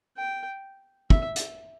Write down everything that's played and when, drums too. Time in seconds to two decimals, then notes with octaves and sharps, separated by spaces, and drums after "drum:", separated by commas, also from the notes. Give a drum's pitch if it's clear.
0.17 G5
1.10 E5, drum: kick
1.36 drum: hi-hat